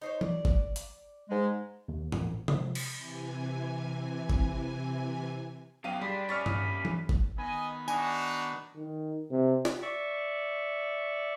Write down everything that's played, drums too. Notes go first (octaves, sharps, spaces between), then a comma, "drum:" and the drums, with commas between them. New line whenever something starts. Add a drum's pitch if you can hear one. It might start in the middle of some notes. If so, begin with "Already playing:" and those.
D#4 C5 C#5
D5, drum: tom E3
drum: kick G1
drum: hi-hat
G#2 G#3
D#2
A1, drum: tom G#2
F3, drum: tom C3
drum: cymbal
C3 E3 G#5
drum: kick G1
C#3 F#3 B3 G4 F5 D#7
G3 D4 G#4 G5 B5 C6 B6
G3 C#4 D5 D#5 C#6 F6 A6 B6
drum: tom G2
drum: tom E3
drum: kick G1
D#3 B3 D#5 G#5 B5
D4 D#4 F#4 G#5, drum: tambourine
D#3
C3
drum: snare
D5 E5 C#6